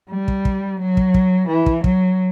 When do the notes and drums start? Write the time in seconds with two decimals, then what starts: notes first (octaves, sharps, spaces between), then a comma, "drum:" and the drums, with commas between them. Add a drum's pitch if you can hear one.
0.10 G3
0.28 drum: kick
0.45 drum: kick
0.80 F#3
0.97 drum: kick
1.14 drum: kick
1.48 E3
1.66 drum: kick
1.84 F#3, drum: kick